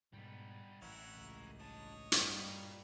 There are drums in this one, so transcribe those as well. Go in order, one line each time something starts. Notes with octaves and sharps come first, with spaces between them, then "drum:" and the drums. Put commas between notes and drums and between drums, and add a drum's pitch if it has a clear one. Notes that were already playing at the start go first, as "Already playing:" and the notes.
G#2 B2 G3 B3
A1 E4 A#4 C#5 F#5
C#2
G2 C#5 D#5 A5
G2 G3 F4 A#4, drum: hi-hat